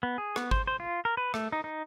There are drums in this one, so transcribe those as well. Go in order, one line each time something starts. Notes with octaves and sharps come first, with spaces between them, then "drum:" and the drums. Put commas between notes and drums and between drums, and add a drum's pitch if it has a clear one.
B3
G#4
B3, drum: rim click
C5, drum: kick G#1
C5
F4
A#4
B4
A3, drum: rim click
D#4
D#4